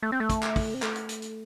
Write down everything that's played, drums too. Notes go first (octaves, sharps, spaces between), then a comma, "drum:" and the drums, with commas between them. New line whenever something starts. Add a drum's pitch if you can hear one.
A3
C4
A3
drum: kick, hi-hat
drum: clap
drum: kick, open hi-hat
C4
A3, drum: clap
drum: hi-hat
drum: hi-hat
drum: hi-hat